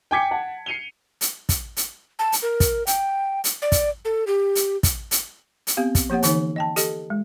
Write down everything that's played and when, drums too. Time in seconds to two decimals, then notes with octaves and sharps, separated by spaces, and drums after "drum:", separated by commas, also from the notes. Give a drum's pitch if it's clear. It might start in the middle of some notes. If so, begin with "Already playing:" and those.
0.11 G5 G#5 D6 G#6 B6 C#7
0.31 F#5 A5
0.66 C7 C#7 D#7 F7 G7
1.21 drum: hi-hat
1.49 drum: kick, hi-hat
1.77 drum: hi-hat
2.19 A5
2.32 drum: hi-hat
2.42 A#4
2.60 drum: kick, hi-hat
2.87 G5, drum: hi-hat
3.44 drum: hi-hat
3.62 D5
3.72 drum: kick, hi-hat
4.05 A4
4.27 G4
4.55 drum: hi-hat
4.83 drum: kick, hi-hat
5.11 drum: hi-hat
5.67 drum: hi-hat
5.77 B3 C4 G4 F5
5.95 drum: kick, hi-hat
6.10 F3 A#3 G4 C#5 F#5
6.23 D3 E3 D#4 C#5, drum: hi-hat
6.56 D#5 G5 A5
6.76 G4 A4 D#5, drum: hi-hat
7.10 G#3